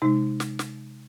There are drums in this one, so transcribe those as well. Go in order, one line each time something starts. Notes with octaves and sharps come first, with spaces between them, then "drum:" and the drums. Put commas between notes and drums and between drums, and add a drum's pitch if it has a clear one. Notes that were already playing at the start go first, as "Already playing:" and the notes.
C3 G#3 D#4
drum: snare
drum: snare